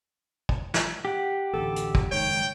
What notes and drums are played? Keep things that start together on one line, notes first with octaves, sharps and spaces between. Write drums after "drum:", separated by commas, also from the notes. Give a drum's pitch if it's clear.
drum: kick
drum: snare
G4 F#5
A1 D2 A4
drum: hi-hat
drum: kick
F#1 G#2 D#3 C#5 G5